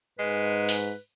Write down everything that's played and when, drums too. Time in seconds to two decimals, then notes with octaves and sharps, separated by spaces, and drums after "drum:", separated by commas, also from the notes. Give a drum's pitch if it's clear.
0.19 G#2 G#3 B4
0.69 drum: open hi-hat